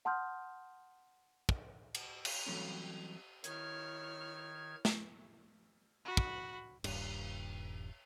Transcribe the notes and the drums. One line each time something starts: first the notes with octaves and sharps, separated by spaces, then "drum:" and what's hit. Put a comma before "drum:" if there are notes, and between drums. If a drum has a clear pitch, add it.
F#5 A5 C6 D#6 F6 G6
drum: kick
drum: cymbal
drum: cymbal
E3 F#3 G3 A3 C4 C#4
D#3 E4 C#5 F6 G#6, drum: hi-hat
drum: snare
F#4 B5
drum: kick
D#1 G2, drum: cymbal